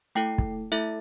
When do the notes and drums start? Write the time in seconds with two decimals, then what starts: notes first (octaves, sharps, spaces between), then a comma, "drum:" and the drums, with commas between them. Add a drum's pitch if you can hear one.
0.15 A3 E4 A4 G5
0.38 drum: kick
0.72 A3 E4 A4 E5